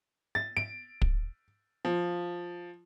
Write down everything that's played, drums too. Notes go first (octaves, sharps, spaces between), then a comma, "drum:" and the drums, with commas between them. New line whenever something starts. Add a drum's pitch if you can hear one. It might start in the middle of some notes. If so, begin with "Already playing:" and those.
A6
D7
drum: kick
F3